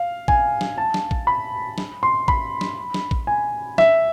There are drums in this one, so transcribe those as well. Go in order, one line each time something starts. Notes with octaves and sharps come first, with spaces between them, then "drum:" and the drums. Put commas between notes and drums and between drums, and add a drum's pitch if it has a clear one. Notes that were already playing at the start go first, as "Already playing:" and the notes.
Already playing: F5
G#5, drum: kick
drum: snare
A5
drum: snare
drum: kick
B5
drum: snare
C6
B5, drum: kick
drum: snare
drum: snare
drum: kick
G#5
E5, drum: snare